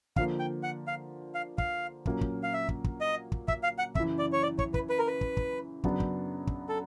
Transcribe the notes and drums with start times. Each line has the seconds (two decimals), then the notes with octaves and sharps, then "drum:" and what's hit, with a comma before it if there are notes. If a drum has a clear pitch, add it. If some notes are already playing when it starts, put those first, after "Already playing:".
0.16 D3 F3 A#3 F5, drum: kick
0.39 G5
0.63 F#5
0.87 F5
1.35 F5
1.58 F5, drum: kick
2.06 A#2 F#3 A#3 C#4, drum: kick
2.21 drum: kick
2.43 F5
2.53 E5
2.69 drum: kick
2.84 drum: kick
3.01 D#5
3.32 drum: kick
3.48 E5, drum: kick
3.63 F5
3.78 F#5
3.95 F#2 C#3 E3 E5, drum: kick
4.19 D5
4.33 C#5
4.43 D5
4.59 C#5, drum: kick
4.74 B4, drum: kick
4.90 B4
4.99 A#4
5.07 B4
5.21 drum: kick
5.37 drum: kick
5.84 F#2 C#3 F#3 B3 D4, drum: kick
6.00 drum: kick
6.47 drum: kick
6.69 A4